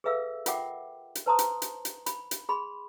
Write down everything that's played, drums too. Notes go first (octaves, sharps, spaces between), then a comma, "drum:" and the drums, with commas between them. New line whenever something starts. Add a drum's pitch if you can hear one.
G#4 A4 B4 E5 F5 E6
F4 A#4 E5 F#5 G5 D6, drum: hi-hat
drum: hi-hat
B4 C5 A5 A#5 C6 D#6
drum: hi-hat
drum: hi-hat
drum: hi-hat
B5, drum: hi-hat
drum: hi-hat
G#4 B5 C6